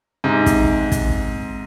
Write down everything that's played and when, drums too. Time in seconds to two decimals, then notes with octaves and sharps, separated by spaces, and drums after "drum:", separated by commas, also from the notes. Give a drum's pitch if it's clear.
0.24 G#2 C3
0.46 drum: kick, hi-hat
0.92 drum: kick, hi-hat